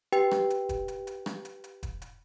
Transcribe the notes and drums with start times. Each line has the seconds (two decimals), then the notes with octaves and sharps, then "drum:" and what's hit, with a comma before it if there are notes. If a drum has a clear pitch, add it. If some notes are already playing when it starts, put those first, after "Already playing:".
0.12 G4 B4 G5, drum: hi-hat
0.31 drum: rim click
0.50 drum: hi-hat
0.69 drum: kick, hi-hat
0.88 drum: hi-hat
1.07 drum: hi-hat
1.26 drum: rim click
1.45 drum: hi-hat
1.64 drum: hi-hat
1.83 drum: kick, hi-hat
2.02 drum: hi-hat